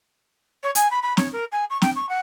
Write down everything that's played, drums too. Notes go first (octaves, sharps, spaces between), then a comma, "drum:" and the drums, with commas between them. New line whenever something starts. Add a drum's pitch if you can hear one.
C#5
G#5, drum: hi-hat
B5
B5
C#5, drum: snare C4
A#4
G#5
C#6
G5, drum: snare C4
C#6
F#5